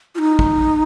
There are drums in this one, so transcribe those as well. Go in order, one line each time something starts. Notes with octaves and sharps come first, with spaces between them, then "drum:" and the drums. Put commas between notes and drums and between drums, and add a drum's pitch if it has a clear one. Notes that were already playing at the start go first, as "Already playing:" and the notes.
F4
D#4
drum: kick